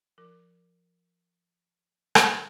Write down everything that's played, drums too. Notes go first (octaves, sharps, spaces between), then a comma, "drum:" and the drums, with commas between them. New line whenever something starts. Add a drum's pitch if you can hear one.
F3 A#4
drum: rim click